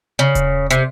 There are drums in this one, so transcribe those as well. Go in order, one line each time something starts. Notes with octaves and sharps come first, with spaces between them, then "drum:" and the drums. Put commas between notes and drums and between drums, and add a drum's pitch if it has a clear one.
C#3
drum: kick E1, hi-hat
C3, drum: hi-hat